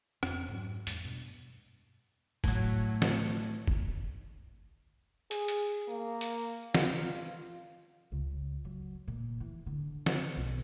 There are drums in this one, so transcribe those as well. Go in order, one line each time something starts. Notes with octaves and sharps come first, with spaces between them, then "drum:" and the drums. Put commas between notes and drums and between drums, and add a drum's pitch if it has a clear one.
F2, drum: rim click
G#2 F#3
E2 G2 G#3, drum: hi-hat
G2 B2
A2 F#3, drum: kick
drum: snare
drum: kick
G#4, drum: hi-hat
drum: hi-hat
A#3
drum: hi-hat
F4, drum: snare
C#2
F#3
A#2
E3
D3
drum: snare
B1